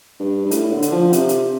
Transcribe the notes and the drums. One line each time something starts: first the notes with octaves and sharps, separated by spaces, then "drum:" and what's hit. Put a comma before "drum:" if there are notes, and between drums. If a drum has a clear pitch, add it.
G2
G2
A2, drum: hi-hat
D3
drum: hi-hat
F3
C3, drum: hi-hat
drum: hi-hat